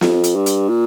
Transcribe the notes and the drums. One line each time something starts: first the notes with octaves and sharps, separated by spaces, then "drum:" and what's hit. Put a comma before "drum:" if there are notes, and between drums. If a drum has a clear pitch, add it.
F2, drum: snare
drum: hi-hat
G2
drum: hi-hat
A#2